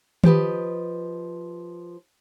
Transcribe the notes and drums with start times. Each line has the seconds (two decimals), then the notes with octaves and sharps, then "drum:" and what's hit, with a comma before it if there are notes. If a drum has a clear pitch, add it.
0.24 F3 G4 B4 D#5, drum: tom D#3